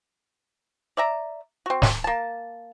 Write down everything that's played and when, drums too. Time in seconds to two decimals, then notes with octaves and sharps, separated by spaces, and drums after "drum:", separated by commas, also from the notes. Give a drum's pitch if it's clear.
0.97 D5 E5 A#5
1.66 C4 F#4
1.82 drum: snare
2.04 A#3 A5